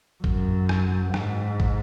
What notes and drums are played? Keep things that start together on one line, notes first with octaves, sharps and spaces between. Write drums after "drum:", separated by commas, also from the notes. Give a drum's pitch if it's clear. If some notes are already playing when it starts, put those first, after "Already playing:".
F#2, drum: kick
drum: rim click
G#2, drum: rim click
drum: kick